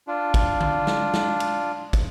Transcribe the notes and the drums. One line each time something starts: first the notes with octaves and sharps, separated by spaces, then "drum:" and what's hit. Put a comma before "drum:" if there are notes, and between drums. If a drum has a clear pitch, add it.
D4 F4
drum: kick, cymbal
drum: tom D3
drum: snare
drum: snare
drum: cymbal
drum: kick, cymbal